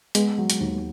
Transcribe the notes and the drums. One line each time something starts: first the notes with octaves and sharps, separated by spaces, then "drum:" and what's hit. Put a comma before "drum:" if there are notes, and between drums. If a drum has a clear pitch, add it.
G#3 B3, drum: hi-hat
F#3
drum: hi-hat
D#2